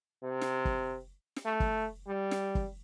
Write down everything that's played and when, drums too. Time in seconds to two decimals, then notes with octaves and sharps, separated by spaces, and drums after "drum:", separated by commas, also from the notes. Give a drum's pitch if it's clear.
0.23 C3
0.41 drum: snare
0.65 drum: kick F#1
1.36 drum: snare
1.46 A3
1.60 drum: kick F#1
2.08 G3
2.31 drum: snare
2.55 drum: kick F#1